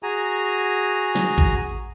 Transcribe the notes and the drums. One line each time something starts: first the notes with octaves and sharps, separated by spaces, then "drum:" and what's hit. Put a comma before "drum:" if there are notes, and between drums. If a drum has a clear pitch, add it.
F#4 G#4 G#5 A#5
drum: snare
drum: kick A1